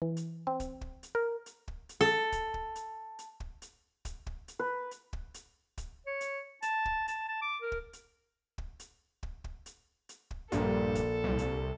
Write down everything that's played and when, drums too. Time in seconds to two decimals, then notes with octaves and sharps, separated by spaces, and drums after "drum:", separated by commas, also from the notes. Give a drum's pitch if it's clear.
0.02 E3
0.17 drum: hi-hat
0.47 C4
0.60 drum: kick, hi-hat
0.81 drum: kick
1.03 drum: hi-hat
1.15 A#4
1.46 drum: hi-hat
1.68 drum: kick
1.89 drum: hi-hat
2.01 A4
2.32 drum: kick, hi-hat
2.54 drum: kick
2.75 drum: hi-hat
3.19 drum: hi-hat
3.40 drum: kick
3.62 drum: hi-hat
4.05 drum: kick, hi-hat
4.27 drum: kick
4.48 drum: hi-hat
4.59 B4
4.91 drum: hi-hat
5.13 drum: kick
5.34 drum: hi-hat
5.78 drum: kick, hi-hat
6.06 C#5
6.21 drum: hi-hat
6.62 A5, drum: hi-hat
6.85 drum: kick
7.08 A5, drum: hi-hat
7.29 A5
7.42 D6
7.62 A#4
7.72 drum: kick
7.93 drum: hi-hat
8.58 drum: kick
8.80 drum: hi-hat
9.23 drum: kick
9.44 drum: kick
9.66 drum: hi-hat
10.09 drum: hi-hat
10.31 drum: kick
10.52 A#1 G2 A4 A#4, drum: hi-hat
10.95 drum: kick, hi-hat
11.24 C2
11.38 drum: hi-hat